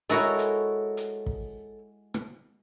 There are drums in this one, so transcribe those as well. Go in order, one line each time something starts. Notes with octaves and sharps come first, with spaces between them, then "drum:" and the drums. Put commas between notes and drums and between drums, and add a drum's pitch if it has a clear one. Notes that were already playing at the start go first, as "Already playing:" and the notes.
G#3 E4 F#4 A4 A#4 C#5
drum: hi-hat
drum: hi-hat
drum: kick
drum: rim click